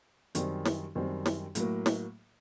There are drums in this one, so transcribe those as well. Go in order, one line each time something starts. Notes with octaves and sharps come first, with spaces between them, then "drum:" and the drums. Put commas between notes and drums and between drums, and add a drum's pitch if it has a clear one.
F#2 D#3 G3 C4, drum: hi-hat
drum: snare
F#2 D#3 G3 C4
drum: snare
A2 F#3 A#3, drum: hi-hat
drum: snare